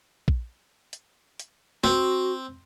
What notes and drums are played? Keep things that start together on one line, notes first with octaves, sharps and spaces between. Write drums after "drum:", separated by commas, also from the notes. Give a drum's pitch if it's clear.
drum: kick A#1
drum: hi-hat
drum: hi-hat
C4 F#4, drum: snare